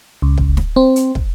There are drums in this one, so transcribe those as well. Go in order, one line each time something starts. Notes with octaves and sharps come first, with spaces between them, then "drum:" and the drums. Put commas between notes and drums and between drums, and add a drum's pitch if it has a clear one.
C#2
drum: kick
drum: snare
C4
drum: hi-hat
drum: kick